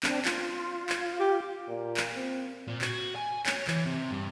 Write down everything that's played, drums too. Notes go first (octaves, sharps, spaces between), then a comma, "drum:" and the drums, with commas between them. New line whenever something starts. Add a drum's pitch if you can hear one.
C4 D4, drum: clap
F4, drum: clap
drum: clap
G4
A#2
drum: clap
C4
A#2
F#4, drum: clap
G#5
C#5, drum: clap
E3, drum: clap
C3
G2